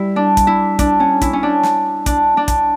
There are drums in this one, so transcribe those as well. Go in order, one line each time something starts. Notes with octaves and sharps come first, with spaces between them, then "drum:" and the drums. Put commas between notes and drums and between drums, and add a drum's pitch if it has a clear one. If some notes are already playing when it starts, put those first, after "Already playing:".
Already playing: G3 E4
D4
drum: kick, hi-hat
E4
D4, drum: kick, hi-hat
C#4
E4, drum: kick, hi-hat
C#4
D4
drum: snare
D4, drum: kick, hi-hat
D4
drum: kick, hi-hat